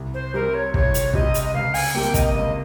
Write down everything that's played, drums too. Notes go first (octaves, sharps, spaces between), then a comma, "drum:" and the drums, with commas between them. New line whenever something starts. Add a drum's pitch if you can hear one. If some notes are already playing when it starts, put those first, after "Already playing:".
Already playing: C2
C5
C3 G3 C4 A#4
C#5
C2 C#5, drum: kick
drum: hi-hat
C3 G3 C4 D#5, drum: kick
drum: hi-hat
D#5
C#2 F5
G#5, drum: open hi-hat
C3 G3 A#3 G5
D#5, drum: kick, hi-hat
C#2 D#5